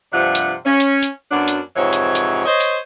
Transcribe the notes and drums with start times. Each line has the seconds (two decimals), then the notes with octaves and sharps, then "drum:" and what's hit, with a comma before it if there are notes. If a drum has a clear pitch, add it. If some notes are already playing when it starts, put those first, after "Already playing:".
0.12 G2 C3 F3 D4 F4 F#5
0.35 drum: hi-hat
0.65 C#4
0.80 drum: hi-hat
1.03 drum: hi-hat
1.30 F#2 F#3 B3 D4
1.48 drum: hi-hat
1.76 F2 G#2 C3 E3 C#5
1.93 drum: hi-hat
2.15 drum: hi-hat
2.46 C5 C#5 D#5
2.60 drum: hi-hat